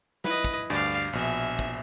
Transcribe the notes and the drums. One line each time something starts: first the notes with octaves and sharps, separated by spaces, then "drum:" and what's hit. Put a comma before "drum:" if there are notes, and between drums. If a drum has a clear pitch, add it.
E4 B4 D#5, drum: snare
drum: kick
D2 G2 D5 F5
A#1 B2 E5 G#5
drum: kick